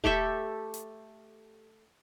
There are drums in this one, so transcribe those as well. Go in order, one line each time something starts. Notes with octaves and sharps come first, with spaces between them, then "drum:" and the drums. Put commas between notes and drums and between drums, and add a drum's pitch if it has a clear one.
A3 G4 A4 E5, drum: kick D#1
drum: hi-hat